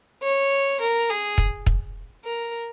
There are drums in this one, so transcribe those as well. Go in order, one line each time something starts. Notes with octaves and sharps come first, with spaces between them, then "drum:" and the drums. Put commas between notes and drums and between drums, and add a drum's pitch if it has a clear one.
C#5
A#4
G#4
drum: kick
drum: kick
A#4